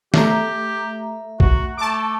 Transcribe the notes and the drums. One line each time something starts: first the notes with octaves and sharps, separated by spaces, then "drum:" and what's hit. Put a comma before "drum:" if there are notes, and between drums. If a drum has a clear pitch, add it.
A3 G4 E5 A#5, drum: snare
F#4, drum: kick A#1
A3 A5 D6